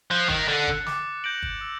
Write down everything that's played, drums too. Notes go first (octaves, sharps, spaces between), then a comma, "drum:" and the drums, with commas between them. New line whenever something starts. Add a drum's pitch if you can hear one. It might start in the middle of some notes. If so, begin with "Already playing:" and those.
F3 F#6
D#3, drum: kick
D3 A6 C#7
drum: kick
D6, drum: snare
G6 A#6 D7 F#7
drum: kick
E6